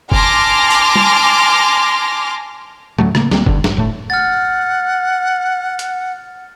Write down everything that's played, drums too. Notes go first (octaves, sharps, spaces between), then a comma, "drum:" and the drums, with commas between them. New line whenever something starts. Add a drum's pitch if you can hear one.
G#5 A5 C6 D6 F6 A#6, drum: kick F1
drum: tambourine
drum: tom G3
D2 F#3 A3, drum: tom A2
C#3 A3 A#3, drum: rim click
D2 G3 A#3 C4, drum: snare
G2 D3, drum: kick F1
G2, drum: snare
E1 A2 A3
F#5 F6 A6
drum: hi-hat